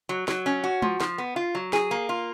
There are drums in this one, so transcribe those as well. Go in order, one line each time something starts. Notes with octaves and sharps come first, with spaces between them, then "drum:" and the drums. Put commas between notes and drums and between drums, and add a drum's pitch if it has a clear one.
F#3
F#3, drum: snare
C#4
F#4
F3, drum: tom G#3
F3, drum: snare
B3
F4
F#3
G#4, drum: snare
A#3
F4